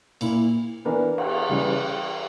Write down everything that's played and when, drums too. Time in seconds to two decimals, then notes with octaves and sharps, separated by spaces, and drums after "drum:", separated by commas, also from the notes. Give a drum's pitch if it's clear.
0.21 A#2 A#3 E4, drum: cymbal
0.85 E3 B3 D4 A#4
1.18 drum: cymbal
1.49 C#3 E3 G3